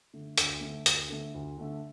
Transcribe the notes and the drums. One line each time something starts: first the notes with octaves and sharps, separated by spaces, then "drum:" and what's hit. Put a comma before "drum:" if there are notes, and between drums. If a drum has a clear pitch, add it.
D3 A3
D2, drum: hi-hat
D3 A3
D2, drum: hi-hat
D3 A3
D2
D3 A3